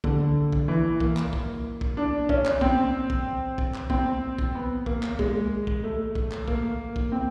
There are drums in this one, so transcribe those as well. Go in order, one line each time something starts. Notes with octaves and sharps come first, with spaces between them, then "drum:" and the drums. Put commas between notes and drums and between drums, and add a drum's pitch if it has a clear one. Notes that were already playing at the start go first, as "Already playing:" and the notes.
D3, drum: kick
drum: kick
E3
A#3, drum: kick
drum: clap
drum: kick
drum: kick
D4
C#4, drum: kick
drum: clap
C4, drum: kick
drum: kick
drum: kick
drum: clap
C4, drum: kick
drum: kick
B3
A#3, drum: kick
drum: clap
G#3, drum: kick
drum: kick
A3
drum: kick
drum: clap
A#3, drum: kick
drum: kick
C4